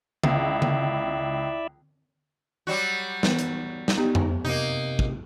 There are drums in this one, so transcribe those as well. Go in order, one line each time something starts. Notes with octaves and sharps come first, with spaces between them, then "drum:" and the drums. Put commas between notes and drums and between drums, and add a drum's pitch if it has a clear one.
C#2 E4 D5 E5, drum: tom D3
drum: tom D3
F#3 G3 F#4
E3 B3 B4, drum: snare
drum: hi-hat
drum: snare
B3 D#4 G4
drum: tom F2
C3 A#3 D#4
drum: kick